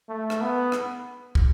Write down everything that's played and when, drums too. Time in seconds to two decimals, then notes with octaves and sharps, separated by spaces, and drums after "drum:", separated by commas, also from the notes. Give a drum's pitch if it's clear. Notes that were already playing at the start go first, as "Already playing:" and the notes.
0.09 A3
0.30 drum: rim click
0.41 B3
0.72 drum: rim click
1.35 drum: kick